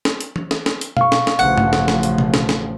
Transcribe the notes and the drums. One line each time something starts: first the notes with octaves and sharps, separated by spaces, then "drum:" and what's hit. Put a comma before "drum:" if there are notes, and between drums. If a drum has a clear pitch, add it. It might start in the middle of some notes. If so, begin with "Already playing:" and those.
drum: snare
drum: hi-hat
drum: tom E3
drum: snare
drum: snare
drum: hi-hat
F5 C#6, drum: tom B2
drum: snare
drum: snare
A1 C#3 F3 F#5
drum: tom
drum: snare
drum: snare
drum: hi-hat
drum: tom B2
drum: snare
drum: snare